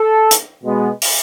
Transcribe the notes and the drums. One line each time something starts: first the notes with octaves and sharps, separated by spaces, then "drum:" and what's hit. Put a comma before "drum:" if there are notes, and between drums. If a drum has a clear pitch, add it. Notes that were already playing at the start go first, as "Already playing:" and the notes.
Already playing: A4
drum: hi-hat
B2 G#3 B3
drum: open hi-hat